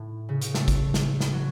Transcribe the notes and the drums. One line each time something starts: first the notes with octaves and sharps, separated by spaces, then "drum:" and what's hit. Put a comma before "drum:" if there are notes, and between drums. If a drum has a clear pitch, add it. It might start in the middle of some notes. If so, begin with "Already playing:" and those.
Already playing: A2
C#3
drum: hi-hat
A3, drum: snare
drum: kick, hi-hat
drum: snare
drum: snare
F#3